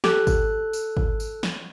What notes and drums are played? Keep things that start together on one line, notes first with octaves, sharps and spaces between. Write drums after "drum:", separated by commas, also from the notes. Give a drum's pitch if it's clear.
G4 A4 F#6, drum: snare
drum: kick G#1, tambourine
drum: tambourine
drum: kick G#1
drum: tambourine
drum: snare